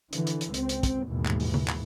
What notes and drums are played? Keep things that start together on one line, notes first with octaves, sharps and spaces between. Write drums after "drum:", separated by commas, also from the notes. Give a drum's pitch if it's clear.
D3 E3, drum: hi-hat
drum: hi-hat
drum: hi-hat
C#2 C4, drum: hi-hat
drum: hi-hat
drum: kick, hi-hat
A1 D#2 G#2 B2 E3
drum: clap
drum: open hi-hat
drum: tom C#3
drum: clap